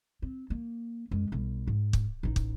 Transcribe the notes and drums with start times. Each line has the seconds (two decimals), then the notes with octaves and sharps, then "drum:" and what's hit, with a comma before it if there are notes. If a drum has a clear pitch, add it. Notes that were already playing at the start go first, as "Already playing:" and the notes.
0.22 C4
0.50 A#3
1.11 F#2 G#3
1.32 B1 G3
1.67 G#2
1.93 drum: kick
2.23 A1 D#4
2.36 drum: kick